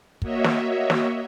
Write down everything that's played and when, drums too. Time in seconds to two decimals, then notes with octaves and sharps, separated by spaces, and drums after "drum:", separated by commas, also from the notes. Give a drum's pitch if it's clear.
0.22 A#3 F#4 C#5 D#5 E5, drum: kick
0.44 drum: snare
0.90 drum: snare